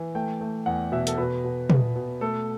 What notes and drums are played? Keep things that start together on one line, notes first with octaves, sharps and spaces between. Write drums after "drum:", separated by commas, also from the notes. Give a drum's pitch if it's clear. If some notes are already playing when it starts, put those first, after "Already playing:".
Already playing: E3
A3 G5
A3
E2 F#5
B2 E5
A4, drum: hi-hat
B2 B4
B2
B3, drum: tom
B2
A3 A4